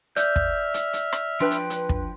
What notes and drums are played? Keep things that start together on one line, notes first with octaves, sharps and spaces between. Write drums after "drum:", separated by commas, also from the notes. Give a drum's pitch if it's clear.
D5 E5 F6 G6, drum: hi-hat
drum: kick
drum: hi-hat
drum: hi-hat
drum: rim click
F3 D4 B4 G5 C6 F#6
drum: hi-hat
drum: hi-hat
drum: kick